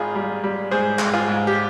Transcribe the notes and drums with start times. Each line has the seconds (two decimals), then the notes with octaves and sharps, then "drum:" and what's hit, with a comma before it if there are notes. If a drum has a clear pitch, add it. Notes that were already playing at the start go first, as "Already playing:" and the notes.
Already playing: G#1 F4 G#4
0.15 G3
0.44 G3
0.71 G#2 G#4 C5
0.99 G#2, drum: clap
1.13 F4 G#4
1.28 G#2
1.47 G4